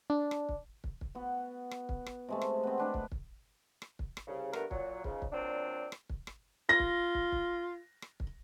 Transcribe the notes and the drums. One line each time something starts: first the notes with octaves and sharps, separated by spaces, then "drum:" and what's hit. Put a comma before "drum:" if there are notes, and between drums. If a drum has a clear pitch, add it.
D4
drum: rim click
drum: kick
drum: kick
drum: kick
B3 F#4
drum: rim click
drum: kick
drum: rim click
C3 G#3 A3
drum: rim click
B3 C4
B3 D4 B4
drum: kick
drum: kick
drum: rim click
drum: kick
drum: rim click
C2 C#3
G2 A3 B3 A#4, drum: rim click
A#2 F#3, drum: kick
C#2 G#2 C#3, drum: kick
drum: kick
A#2 F#3 C4 D4
drum: rim click
drum: kick
drum: rim click
F4 A#6
drum: kick
drum: kick
drum: kick
drum: rim click
drum: kick